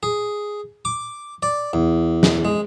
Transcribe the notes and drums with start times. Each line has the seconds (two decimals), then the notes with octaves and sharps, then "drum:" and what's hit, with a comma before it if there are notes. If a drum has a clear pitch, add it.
0.03 G#4
0.85 D6
1.43 D5
1.73 E2
2.23 drum: snare
2.45 G#3